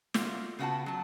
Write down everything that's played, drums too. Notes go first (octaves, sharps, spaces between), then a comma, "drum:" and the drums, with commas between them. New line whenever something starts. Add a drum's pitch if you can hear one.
A3 A#3 F4 F#4, drum: snare
C#3 B3 F#4 F#5 G5 A5
F#3 A5